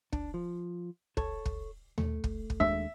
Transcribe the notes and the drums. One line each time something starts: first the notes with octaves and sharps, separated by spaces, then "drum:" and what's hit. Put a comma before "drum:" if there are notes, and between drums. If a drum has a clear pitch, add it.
D4, drum: kick
F3
A4 C#5, drum: kick
drum: kick
A3, drum: tom D#2
drum: kick
drum: kick
D#2 G#3 D4 E5